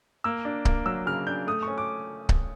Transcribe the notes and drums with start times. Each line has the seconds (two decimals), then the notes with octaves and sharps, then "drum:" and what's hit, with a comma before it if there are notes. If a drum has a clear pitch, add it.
0.24 A#3 E6
0.45 D4
0.65 A#3, drum: kick C#1
0.86 F#3 E6
1.06 C#3 F6
1.27 D4 G6
1.47 A3 D#6
1.62 C#6
1.68 C#4
1.78 D6
2.29 drum: kick C#1